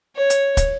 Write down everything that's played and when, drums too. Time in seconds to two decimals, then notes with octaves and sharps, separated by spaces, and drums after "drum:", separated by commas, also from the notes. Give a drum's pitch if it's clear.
0.16 C#5
0.30 drum: hi-hat
0.57 drum: kick, hi-hat